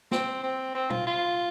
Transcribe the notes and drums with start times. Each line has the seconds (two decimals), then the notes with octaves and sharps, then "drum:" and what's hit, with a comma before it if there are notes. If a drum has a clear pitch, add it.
0.11 C4, drum: snare
0.43 C4
0.75 C4
0.90 F4, drum: tom
1.06 F4